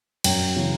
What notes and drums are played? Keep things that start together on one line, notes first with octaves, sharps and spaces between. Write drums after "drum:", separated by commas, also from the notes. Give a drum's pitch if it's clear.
F#2 G5, drum: cymbal
C#3 E3